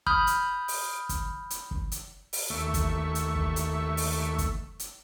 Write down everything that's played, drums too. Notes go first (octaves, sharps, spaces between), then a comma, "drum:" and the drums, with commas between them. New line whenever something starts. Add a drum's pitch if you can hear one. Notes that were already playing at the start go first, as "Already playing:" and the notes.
B5 D#6 F6 G6, drum: kick
drum: hi-hat
drum: open hi-hat
drum: kick, hi-hat
drum: hi-hat
drum: kick
drum: hi-hat
drum: open hi-hat
D#2 A3 E5 C#6
drum: kick, hi-hat
drum: hi-hat
drum: kick
drum: hi-hat
drum: open hi-hat
drum: kick, hi-hat
drum: hi-hat